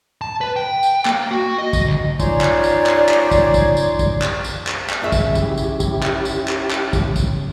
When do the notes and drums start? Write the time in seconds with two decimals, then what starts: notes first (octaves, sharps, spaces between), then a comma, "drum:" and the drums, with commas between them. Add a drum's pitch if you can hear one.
0.21 A5
0.41 B4
0.56 G5
0.83 drum: tambourine
1.05 A#3, drum: clap
1.31 F#4
1.58 D#5
1.73 drum: kick, tambourine
1.85 D2
2.20 C#4 D#4 F4 G#4 C5 D5, drum: kick, tambourine
2.41 drum: clap
2.64 drum: tambourine
2.86 drum: clap
3.09 drum: clap
3.31 drum: kick, tambourine
3.54 drum: kick, tambourine
3.77 drum: tambourine
3.99 drum: kick, tambourine
4.22 drum: clap
4.44 drum: tambourine
4.67 drum: clap
4.90 drum: clap
5.02 C#4 G#4 E5
5.12 drum: kick, tambourine
5.35 E4 G4, drum: kick, tambourine
5.57 drum: tambourine
5.80 drum: kick, tambourine
6.03 drum: clap
6.25 drum: tambourine
6.48 drum: clap
6.71 drum: clap
6.93 drum: kick, tambourine
7.16 drum: kick, tambourine